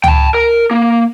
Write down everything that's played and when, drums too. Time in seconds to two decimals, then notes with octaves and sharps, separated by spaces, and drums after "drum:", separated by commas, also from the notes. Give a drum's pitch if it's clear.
0.04 G5 A5, drum: tom C#2
0.34 A#4
0.71 A#3